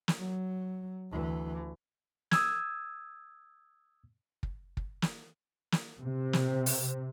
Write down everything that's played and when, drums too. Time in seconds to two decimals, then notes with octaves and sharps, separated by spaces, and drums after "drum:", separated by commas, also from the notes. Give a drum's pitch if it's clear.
0.08 drum: snare
0.19 F#3
1.11 D2 E3
2.31 D#6 E6 G#6, drum: snare
4.43 drum: kick
4.77 drum: kick
5.02 drum: snare
5.72 drum: snare
6.01 C3
6.33 drum: snare
6.66 drum: open hi-hat